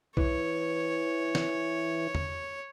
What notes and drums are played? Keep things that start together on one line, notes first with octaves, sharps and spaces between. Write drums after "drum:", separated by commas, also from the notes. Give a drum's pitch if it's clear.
E3 C#5, drum: kick B1
drum: snare
drum: tom E2